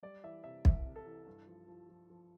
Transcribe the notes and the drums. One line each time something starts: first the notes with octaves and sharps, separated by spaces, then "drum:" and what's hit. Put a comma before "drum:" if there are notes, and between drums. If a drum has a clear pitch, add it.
G3 D5
E3 E5
C3 E5
C2 E5, drum: kick
C3
A4
E3
G2
F3
F3
F3
F3